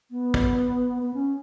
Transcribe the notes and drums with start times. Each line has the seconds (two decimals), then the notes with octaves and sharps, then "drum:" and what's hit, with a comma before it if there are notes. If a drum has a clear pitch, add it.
0.11 B3
0.34 drum: kick
1.02 B3
1.14 C#4